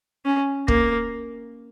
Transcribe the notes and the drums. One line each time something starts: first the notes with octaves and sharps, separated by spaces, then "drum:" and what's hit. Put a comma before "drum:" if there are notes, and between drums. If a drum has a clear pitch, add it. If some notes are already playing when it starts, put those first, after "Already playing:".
C#4
A#3, drum: kick